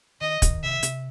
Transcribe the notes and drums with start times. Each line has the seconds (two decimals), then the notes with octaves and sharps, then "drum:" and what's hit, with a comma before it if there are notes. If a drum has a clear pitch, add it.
0.21 D#3 D#5
0.42 D#3, drum: kick, hi-hat
0.63 C3 E5
0.83 C3, drum: hi-hat